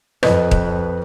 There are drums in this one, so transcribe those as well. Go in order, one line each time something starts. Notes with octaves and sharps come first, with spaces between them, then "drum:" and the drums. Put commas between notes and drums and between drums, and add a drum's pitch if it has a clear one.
F2 B4 D#5, drum: rim click
drum: kick D#1